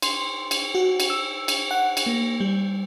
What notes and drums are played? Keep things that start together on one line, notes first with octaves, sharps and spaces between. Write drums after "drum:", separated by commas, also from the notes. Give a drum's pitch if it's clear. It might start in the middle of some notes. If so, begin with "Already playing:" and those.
C6, drum: cymbal
drum: cymbal
F#4
drum: cymbal
E6
drum: cymbal
F#5
drum: cymbal
A#3
G3